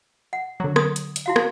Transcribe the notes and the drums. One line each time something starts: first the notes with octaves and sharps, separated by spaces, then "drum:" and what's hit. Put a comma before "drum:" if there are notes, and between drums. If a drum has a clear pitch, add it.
F#5
D3 F#3
D#6, drum: rim click
drum: hi-hat
drum: hi-hat
E4 F#4 F5
drum: rim click